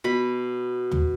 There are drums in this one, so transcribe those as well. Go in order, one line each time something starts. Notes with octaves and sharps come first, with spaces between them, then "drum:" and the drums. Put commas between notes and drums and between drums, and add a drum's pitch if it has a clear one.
B2 B5
drum: tom